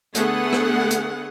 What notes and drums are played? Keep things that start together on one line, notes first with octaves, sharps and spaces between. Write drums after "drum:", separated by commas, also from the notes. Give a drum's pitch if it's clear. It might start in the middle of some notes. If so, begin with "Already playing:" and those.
D3 A3 B3 G#4 F#5, drum: hi-hat
drum: rim click
drum: hi-hat